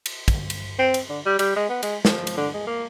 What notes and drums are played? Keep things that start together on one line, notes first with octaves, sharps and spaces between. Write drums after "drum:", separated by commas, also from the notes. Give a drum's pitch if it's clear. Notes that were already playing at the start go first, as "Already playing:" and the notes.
drum: cymbal
drum: kick, cymbal
drum: cymbal
C4
drum: cymbal
D3
G3
G3, drum: cymbal
G#3
B3
G#3, drum: cymbal
F3, drum: snare
drum: cymbal
D3
G#3
A#3